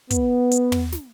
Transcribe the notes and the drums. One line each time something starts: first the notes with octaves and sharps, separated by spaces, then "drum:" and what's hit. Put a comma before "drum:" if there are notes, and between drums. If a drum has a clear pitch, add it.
B3, drum: kick, hi-hat
drum: hi-hat
drum: tom
drum: snare